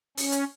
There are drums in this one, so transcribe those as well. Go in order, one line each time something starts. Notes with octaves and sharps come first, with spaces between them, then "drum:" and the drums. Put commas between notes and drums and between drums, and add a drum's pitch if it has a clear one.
C#4, drum: open hi-hat
drum: hi-hat